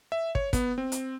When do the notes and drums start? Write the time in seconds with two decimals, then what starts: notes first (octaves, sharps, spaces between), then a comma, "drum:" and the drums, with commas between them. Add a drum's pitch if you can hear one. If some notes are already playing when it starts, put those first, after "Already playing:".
0.12 E5
0.35 C#5, drum: kick
0.53 B3, drum: kick, hi-hat
0.78 C4
0.92 drum: hi-hat